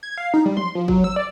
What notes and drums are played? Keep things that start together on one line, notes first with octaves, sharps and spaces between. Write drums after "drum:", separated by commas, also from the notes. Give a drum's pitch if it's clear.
G#6
F5
D#4
G3
C6, drum: tom E3
F3
F#3, drum: kick G1
E6
D5